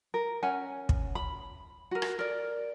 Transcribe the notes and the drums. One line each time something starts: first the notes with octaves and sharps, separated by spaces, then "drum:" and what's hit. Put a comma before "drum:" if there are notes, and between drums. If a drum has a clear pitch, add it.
A#4
C#4 F#5 G#5
drum: kick
B5
F#4 A#4
drum: rim click
A#4 D5